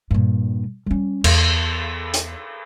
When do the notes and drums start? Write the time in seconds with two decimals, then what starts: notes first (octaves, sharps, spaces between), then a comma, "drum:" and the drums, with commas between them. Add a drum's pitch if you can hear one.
0.11 G2 A#2
0.86 G3 C#4
1.24 E2, drum: cymbal
2.14 drum: hi-hat